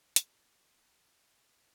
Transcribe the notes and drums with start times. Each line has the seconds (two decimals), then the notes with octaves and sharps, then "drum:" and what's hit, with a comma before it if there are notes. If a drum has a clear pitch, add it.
0.16 G#2 B2 B3 D#4 G#4 C5 A#5 C6, drum: hi-hat
0.69 E2 G#4